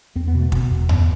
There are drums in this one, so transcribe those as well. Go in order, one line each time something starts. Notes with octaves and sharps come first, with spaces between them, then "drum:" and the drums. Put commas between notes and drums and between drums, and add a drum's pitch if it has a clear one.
E2 C4
B3
B2
A3
B2 B3, drum: kick
E2
E2, drum: tom F2